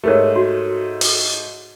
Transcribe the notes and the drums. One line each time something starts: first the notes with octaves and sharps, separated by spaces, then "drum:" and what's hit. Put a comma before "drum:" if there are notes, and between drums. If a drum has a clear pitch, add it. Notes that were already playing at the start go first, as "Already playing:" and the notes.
G#2 A3 G4 A#4 C#5
F#4
drum: open hi-hat